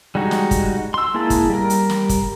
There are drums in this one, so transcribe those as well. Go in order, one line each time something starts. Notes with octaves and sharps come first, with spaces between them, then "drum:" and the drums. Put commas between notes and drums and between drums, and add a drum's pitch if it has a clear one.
G3 G#3 D#4 F#4
drum: snare
drum: kick, hi-hat
C6 E6
G#3 A#3 E4 G#4 A5
drum: kick, hi-hat
G3 A#4
drum: hi-hat
drum: snare
drum: kick, hi-hat